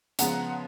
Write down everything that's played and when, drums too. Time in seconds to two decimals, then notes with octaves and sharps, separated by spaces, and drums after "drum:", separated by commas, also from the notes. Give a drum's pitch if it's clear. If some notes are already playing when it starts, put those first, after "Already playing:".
0.19 C#3 F3 G#3 B3 F#5 A#5, drum: hi-hat